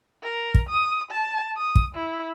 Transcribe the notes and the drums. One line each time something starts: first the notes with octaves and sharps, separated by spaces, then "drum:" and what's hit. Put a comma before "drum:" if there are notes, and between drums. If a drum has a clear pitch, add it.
A#4
drum: kick
D#6
A5
D#6
drum: kick
E4